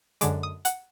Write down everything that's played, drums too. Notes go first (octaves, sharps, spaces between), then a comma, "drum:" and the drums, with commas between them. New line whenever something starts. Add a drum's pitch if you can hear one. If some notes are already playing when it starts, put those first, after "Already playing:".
F#2 D3 G#3 D6, drum: hi-hat
D#6
F#5, drum: hi-hat